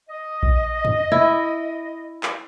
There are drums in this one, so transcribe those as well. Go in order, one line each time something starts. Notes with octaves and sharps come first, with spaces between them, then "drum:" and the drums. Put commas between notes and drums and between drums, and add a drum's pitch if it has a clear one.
D#5
drum: kick A#1
drum: tom
E4
drum: clap